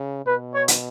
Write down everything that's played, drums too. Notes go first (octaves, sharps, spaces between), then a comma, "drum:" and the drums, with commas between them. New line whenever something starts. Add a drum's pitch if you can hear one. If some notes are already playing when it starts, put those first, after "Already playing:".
Already playing: C#3
B2 B4
C#5
drum: hi-hat